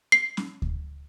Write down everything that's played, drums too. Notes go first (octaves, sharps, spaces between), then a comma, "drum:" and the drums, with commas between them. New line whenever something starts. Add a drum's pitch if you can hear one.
C7
drum: snare C#4
drum: kick D2